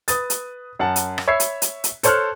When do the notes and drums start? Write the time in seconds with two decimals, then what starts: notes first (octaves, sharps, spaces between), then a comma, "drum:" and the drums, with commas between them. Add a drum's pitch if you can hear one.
0.08 B4 D#6 A6, drum: hi-hat
0.30 drum: hi-hat
0.79 F#2 F#5 A5
0.96 drum: hi-hat
1.18 drum: rim click
1.28 C#5 E5 B5 E6 G#6 C7
1.40 drum: hi-hat
1.62 drum: hi-hat
1.84 drum: hi-hat
2.03 A4 C5 C#5 A5 F6 F#6, drum: hi-hat